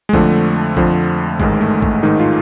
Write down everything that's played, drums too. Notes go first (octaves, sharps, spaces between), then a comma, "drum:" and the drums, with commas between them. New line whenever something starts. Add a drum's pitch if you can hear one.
G#3
F2 D3 F3 A3, drum: kick A1
F2 D3 F3, drum: kick A1
A1 G#2 D#3 G#3, drum: kick A1
A3
A3, drum: kick A1
A1 G#2 D#3 D#4
F4